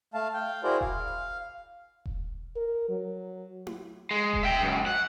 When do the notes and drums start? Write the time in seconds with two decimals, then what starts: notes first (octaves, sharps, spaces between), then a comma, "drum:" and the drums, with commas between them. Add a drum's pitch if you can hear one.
0.14 A3 F5 A5
0.34 F5 G5
0.64 E4 F#4 G#4 A#4 C5 D5
0.81 F5, drum: kick E1
2.06 drum: kick E1
2.56 A#4
2.89 F#3
3.67 drum: tom E4
4.11 G#3
4.33 drum: kick E1
4.43 E5 G5
4.62 C#2 F#2
4.86 F#5